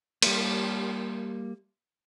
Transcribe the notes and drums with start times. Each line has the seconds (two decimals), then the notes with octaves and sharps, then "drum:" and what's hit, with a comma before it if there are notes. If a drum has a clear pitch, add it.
0.22 G3 A#3, drum: cymbal